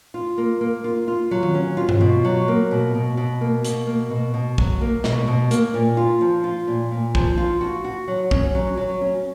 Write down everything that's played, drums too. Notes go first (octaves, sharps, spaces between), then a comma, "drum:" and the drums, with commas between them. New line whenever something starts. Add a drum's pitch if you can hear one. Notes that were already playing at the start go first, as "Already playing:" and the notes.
F4
A#3
A#3
F4
F4
F#3
drum: tom D#3
C#4
F4
drum: tom G2
B2
F#3
A#3
B2
B2
B2
A#3
B2, drum: hi-hat
A#3
B2
B2
F#3, drum: kick
A#3
B2, drum: snare
B2
A#3, drum: hi-hat
A#2
F4
F3
F4
A#2
A#2
F3, drum: kick
F4
F#4
F#4
F#3
C#4, drum: kick
F#3
F#3
C#4